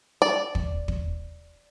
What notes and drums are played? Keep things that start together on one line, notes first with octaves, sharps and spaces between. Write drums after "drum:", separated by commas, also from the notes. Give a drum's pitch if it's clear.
D5
drum: kick
drum: kick